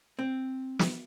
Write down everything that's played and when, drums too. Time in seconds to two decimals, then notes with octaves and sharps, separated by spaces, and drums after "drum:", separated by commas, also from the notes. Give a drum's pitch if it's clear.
0.19 C4
0.79 drum: snare